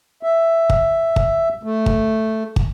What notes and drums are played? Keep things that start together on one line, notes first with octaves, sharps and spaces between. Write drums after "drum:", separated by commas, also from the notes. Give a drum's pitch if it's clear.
E5
drum: kick
drum: kick
A3
drum: kick
drum: kick